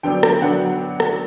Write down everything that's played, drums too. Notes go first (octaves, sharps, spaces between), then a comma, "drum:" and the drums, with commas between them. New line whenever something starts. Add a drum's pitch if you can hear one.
D3 F#3 B3 D4 G5
drum: rim click
D3 F#3 B3 D4 F#5
drum: rim click